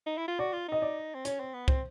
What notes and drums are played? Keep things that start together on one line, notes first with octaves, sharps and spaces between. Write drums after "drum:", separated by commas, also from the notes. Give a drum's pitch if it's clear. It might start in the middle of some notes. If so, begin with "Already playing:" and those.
D#4
E4
F4
F#4 D5
F4
D#4 D#5
D5
C4
C#4 C#5, drum: hi-hat
C4
B3
C4 C5, drum: kick